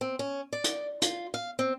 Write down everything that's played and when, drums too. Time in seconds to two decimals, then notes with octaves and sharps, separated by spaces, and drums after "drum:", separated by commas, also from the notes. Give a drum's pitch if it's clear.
0.01 C4
0.19 C#4
0.53 D5
0.64 drum: hi-hat
1.02 F4, drum: hi-hat
1.34 F5
1.59 C4